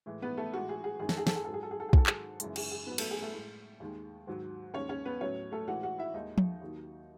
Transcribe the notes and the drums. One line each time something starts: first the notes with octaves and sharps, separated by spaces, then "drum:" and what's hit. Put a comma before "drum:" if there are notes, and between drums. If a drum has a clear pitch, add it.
A2 E3 G#3
B3 B4
A3 A4
A2 E3 G#3 F#4
G#4
G#4
F#2 D#3 G#3 G#4
A4, drum: snare
G#4
A4, drum: snare
G#4
G#2 F#3 A4
G#4
A4
G#4
A4
G#4
G#2 D#3 F#3 A4, drum: kick
G#4, drum: clap
F#2 C#3 E3 G#3, drum: hi-hat
G#4, drum: cymbal
G#4
G#2 F#3 B3 B4
A3 A4, drum: cymbal
G#4
A3 A4
A2 G#3
D#2 D#3 G#3
G#2 D#3 F#3
D#2 D#3 G#3 C#4 C#5
C#4 C#5
B3 B4
A2 F#3 C#4 C#5
A3 A4
A2 E3 G#3 F#4 F#5
F#4 F#5
E4 E5
D#2 D#3 G#3 D#4 D#5
drum: tom F3
D#2 D#3 F#3